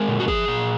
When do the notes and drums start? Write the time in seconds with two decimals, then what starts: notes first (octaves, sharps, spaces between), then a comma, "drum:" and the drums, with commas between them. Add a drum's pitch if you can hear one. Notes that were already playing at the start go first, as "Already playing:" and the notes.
Already playing: G#3 A#4
0.08 A#2
0.20 F#4
0.28 F3 G#4, drum: kick G1
0.48 A#2